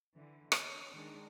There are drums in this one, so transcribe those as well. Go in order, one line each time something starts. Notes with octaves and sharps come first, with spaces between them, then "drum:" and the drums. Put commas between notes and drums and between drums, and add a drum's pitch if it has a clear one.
D3 E3
D4 C#5, drum: rim click
D#3 G#3 D4